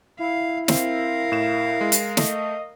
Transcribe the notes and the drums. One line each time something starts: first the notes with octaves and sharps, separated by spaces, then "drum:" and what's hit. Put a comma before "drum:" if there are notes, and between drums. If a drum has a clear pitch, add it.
E4 F5
C4 A#4 F5, drum: snare
A2 E7
G#3
drum: hi-hat
A3 D#5, drum: snare